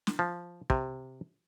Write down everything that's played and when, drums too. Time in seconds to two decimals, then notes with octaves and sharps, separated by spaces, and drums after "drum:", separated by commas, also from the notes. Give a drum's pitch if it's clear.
0.07 drum: snare
0.19 F3
0.70 C3, drum: kick